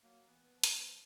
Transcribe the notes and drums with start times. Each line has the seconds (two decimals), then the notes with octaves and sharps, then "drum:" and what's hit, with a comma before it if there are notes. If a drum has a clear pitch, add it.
0.03 F#3 A#3
0.28 E3 B3
0.54 F3
0.64 drum: hi-hat